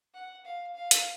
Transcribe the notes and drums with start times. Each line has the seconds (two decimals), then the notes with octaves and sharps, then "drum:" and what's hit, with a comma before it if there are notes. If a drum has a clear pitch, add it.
0.14 F#5
0.45 F5
0.75 F5
0.91 drum: hi-hat